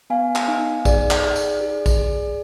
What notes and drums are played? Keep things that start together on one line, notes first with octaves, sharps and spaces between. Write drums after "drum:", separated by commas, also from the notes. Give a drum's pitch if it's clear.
B3 F5 G#5
drum: clap
D#4
G#4 D5, drum: kick A#1, tambourine
drum: clap
G#4
drum: tambourine
G#4
drum: kick A#1, tambourine
G#4